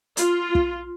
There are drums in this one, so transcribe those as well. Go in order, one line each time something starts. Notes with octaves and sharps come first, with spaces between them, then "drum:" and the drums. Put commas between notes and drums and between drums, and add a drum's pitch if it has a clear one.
F4, drum: hi-hat
drum: kick